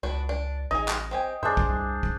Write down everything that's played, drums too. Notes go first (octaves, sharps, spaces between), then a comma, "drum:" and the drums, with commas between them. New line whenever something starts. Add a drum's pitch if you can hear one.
C#2 B3 D4 F#4
D4
A1 D#4 G#4 D#5
drum: clap
C4 G4 G#5
G2 D4 G#4 C5 E5
drum: kick
C2
drum: kick